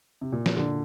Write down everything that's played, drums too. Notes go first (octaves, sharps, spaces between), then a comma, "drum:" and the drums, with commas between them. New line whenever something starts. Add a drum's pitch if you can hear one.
C3
A#2
drum: snare
D3